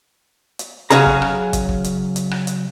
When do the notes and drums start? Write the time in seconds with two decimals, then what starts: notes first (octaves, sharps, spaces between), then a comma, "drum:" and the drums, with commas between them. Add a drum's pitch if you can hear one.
0.59 drum: hi-hat
0.90 C#3 F#3 C#4 G#4 A#5, drum: hi-hat
1.06 drum: kick
1.22 drum: rim click
1.53 drum: kick, hi-hat
1.69 drum: kick
1.84 drum: hi-hat
2.16 drum: hi-hat
2.31 drum: rim click
2.47 drum: hi-hat